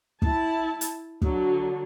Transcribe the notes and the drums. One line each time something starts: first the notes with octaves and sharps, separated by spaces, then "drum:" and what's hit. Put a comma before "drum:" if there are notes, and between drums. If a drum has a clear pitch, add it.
E4 A5, drum: kick
drum: hi-hat
D3 F#3, drum: kick